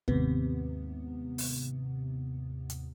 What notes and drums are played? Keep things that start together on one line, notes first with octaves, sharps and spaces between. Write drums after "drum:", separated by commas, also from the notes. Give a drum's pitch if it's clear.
D#2 G#2 C3 B3, drum: kick
drum: open hi-hat
drum: hi-hat